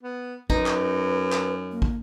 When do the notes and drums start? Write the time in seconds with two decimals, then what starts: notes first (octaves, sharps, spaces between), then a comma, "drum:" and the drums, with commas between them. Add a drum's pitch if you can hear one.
0.03 B3
0.50 F#2 D#4 B4, drum: kick
0.66 drum: clap
1.32 drum: clap
1.72 A#3
1.82 drum: kick